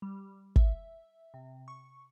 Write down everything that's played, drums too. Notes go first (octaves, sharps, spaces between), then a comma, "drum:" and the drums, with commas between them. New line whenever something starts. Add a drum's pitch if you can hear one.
G3
E5, drum: kick
C3
C#6